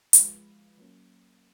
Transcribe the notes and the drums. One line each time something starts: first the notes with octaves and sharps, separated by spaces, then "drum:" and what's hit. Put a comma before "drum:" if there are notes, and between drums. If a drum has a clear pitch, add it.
F3 G#3 B3 F4 B4, drum: hi-hat
F#3 A#3 C#4